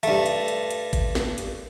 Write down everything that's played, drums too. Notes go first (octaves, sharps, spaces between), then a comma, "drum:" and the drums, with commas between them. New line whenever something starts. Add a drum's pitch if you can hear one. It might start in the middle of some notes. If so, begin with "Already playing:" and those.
G2 A3, drum: hi-hat
drum: hi-hat
drum: hi-hat
drum: hi-hat
drum: kick G#1, hi-hat
drum: snare
drum: hi-hat